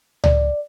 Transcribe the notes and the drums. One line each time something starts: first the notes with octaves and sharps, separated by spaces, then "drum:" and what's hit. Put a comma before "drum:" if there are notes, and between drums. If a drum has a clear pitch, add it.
D5, drum: tom C#2